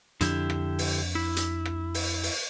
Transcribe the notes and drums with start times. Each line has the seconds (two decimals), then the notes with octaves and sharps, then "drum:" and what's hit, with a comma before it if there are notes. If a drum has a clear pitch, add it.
0.21 F2 D3 D4 E4 G4, drum: hi-hat
0.50 drum: rim click
0.79 drum: open hi-hat
1.15 E4
1.37 drum: hi-hat
1.65 drum: rim click
1.94 drum: open hi-hat
2.23 drum: open hi-hat